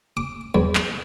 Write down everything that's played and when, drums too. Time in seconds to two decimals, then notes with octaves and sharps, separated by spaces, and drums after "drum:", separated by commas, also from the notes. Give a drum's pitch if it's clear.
0.17 D6
0.55 E2, drum: tom F#3
0.75 drum: clap